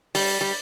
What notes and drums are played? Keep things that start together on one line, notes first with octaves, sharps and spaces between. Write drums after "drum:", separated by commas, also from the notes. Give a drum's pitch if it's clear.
G3, drum: open hi-hat
G3